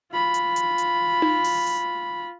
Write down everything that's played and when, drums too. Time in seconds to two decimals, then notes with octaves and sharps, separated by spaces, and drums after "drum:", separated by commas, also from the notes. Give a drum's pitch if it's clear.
0.12 F4 B5
0.34 drum: hi-hat
0.56 drum: hi-hat
0.78 drum: hi-hat
1.22 drum: tom D#4
1.44 drum: open hi-hat
1.66 drum: hi-hat